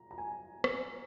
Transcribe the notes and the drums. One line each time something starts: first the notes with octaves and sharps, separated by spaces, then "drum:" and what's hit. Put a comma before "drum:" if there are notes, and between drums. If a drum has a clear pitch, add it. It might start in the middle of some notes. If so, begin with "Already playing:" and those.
Already playing: A#5
A#5
G#5
drum: rim click